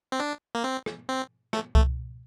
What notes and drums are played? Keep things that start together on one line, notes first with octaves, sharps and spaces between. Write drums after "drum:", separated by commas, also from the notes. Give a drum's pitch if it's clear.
C4
D4
A#3
C4
drum: rim click
C4
A3, drum: rim click
A3, drum: kick C2